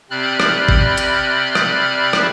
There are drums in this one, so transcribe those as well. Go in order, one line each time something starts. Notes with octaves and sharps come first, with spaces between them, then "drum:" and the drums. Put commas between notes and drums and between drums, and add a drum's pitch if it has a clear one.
C3 C4 D5 B5 F6 F#6
drum: rim click
drum: kick G#1
drum: hi-hat
drum: rim click
drum: rim click